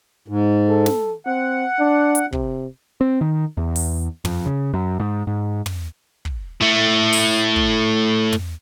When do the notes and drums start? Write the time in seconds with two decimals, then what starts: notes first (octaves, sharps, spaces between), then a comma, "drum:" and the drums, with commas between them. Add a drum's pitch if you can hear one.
0.28 G#2
0.69 A4
0.86 drum: snare
1.26 C4 F#5
1.79 D4
2.15 drum: hi-hat
2.32 C3, drum: kick
3.01 C4
3.21 D#3
3.57 E2
3.76 drum: open hi-hat
4.25 F2, drum: tom
4.46 C#3
4.73 F#2
5.00 G#2
5.27 G#2
5.66 drum: tom
6.25 drum: kick
6.61 A2 A3
7.13 drum: open hi-hat
7.56 drum: kick
8.33 drum: tom